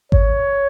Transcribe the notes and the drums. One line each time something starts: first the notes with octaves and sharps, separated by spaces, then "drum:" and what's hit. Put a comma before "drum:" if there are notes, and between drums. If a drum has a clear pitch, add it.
C#5, drum: kick G#1